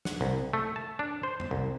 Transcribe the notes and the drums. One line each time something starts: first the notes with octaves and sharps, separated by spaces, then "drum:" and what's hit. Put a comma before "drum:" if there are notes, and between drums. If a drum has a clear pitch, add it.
F#5, drum: snare
C2
A3
A5
D4
C5
drum: tom F2
C2